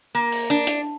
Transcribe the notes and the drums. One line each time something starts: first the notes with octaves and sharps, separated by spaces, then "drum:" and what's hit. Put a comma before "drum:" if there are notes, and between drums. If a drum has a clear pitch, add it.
A#3
drum: open hi-hat
D4
drum: hi-hat